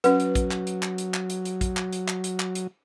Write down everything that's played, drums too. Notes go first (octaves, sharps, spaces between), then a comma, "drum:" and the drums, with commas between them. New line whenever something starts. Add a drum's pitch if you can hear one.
F#3 C#4 B4 F#5, drum: hi-hat
drum: hi-hat
drum: kick A#1, hi-hat
drum: clap
drum: hi-hat
drum: clap
drum: hi-hat
drum: clap
drum: hi-hat
drum: hi-hat
drum: kick A#1, hi-hat
drum: clap
drum: hi-hat
drum: clap
drum: hi-hat
drum: clap
drum: hi-hat